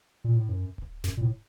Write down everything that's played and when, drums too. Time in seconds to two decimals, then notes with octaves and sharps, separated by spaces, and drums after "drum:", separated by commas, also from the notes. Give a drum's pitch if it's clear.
0.24 A#2
0.36 A2
0.49 F#2
0.78 drum: kick D1
1.04 F#2, drum: snare
1.17 A#2
1.21 A2